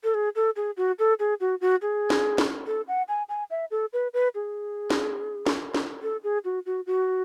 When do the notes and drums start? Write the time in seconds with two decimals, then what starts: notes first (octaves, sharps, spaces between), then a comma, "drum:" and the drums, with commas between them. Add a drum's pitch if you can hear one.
0.03 A4
0.14 G#4
0.35 A4
0.56 G#4
0.77 F#4
0.99 A4
1.19 G#4
1.40 F#4
1.61 F#4
1.82 G#4
2.10 drum: snare
2.38 drum: snare
2.67 A4
2.88 F#5
3.08 G#5
3.29 G#5
3.50 E5
3.71 A4
3.93 B4
4.14 B4
4.35 G#4
4.90 drum: snare
5.46 drum: snare
5.75 drum: snare
6.02 A4
6.23 G#4
6.44 F#4
6.66 F#4
6.86 F#4